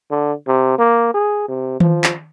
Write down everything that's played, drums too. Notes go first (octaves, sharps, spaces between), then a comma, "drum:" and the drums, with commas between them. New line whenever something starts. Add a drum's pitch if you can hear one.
D3
C3
A#3
G#4
C3
F3, drum: tom D#3
drum: clap